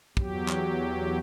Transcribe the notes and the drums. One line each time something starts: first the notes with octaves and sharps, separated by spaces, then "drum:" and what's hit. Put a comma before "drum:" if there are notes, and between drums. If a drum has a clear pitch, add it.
E2 F#3 G4, drum: kick
drum: clap